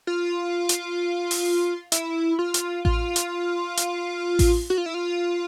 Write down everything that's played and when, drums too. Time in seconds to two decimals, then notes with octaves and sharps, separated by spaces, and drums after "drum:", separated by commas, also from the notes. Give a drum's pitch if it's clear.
0.07 F4
0.69 drum: hi-hat
1.31 drum: open hi-hat
1.92 E4, drum: hi-hat
2.39 F4
2.54 drum: hi-hat
2.85 F4, drum: kick A1
3.16 drum: hi-hat
3.77 drum: hi-hat
4.39 drum: kick A1, open hi-hat
4.70 F#4
4.78 F4
4.86 E4
4.94 F4